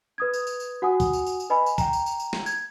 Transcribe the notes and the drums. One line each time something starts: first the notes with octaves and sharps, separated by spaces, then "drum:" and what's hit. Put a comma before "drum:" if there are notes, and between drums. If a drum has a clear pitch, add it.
B4 D#6 G#6
drum: tambourine
drum: tambourine
drum: tambourine
F#4 F#5 G#5 D#6
drum: kick, tambourine
drum: tambourine
drum: tambourine
drum: tambourine
B4 D#5 G#5 B5
drum: tambourine
G5 A#5, drum: kick, tambourine
drum: tambourine
drum: tambourine
drum: tambourine
drum: snare
G#6, drum: tambourine